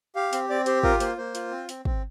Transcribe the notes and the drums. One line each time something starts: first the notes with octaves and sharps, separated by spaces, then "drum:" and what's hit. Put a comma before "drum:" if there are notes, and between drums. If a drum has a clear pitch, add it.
G4 F5
C4, drum: hi-hat
C4 D5
G4 C5, drum: hi-hat
F4 A#4, drum: kick
A#3 C5, drum: hi-hat
A#3 C5
F4, drum: hi-hat
C4
C4, drum: hi-hat
C4, drum: kick